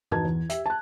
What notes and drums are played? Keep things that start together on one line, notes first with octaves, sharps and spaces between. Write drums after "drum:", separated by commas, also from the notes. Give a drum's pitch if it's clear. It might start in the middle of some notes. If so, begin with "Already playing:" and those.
E2 D#4 F#4 B4 A5 G#6, drum: tom G2
E2
G4 E5, drum: hi-hat
A5 F#6